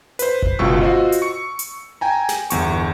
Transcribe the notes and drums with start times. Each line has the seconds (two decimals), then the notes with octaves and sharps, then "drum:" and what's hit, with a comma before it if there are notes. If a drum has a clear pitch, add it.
0.19 B4 C5, drum: hi-hat
0.42 drum: kick F#1
0.59 G1 C#2 B2 F4 C#6 E6
0.81 F4 F#4 C5 D#5
1.12 drum: hi-hat
1.22 C#6 C#7
1.59 drum: hi-hat
2.01 G5 G#5 A#5
2.29 drum: snare
2.50 G1 E2 C#6, drum: hi-hat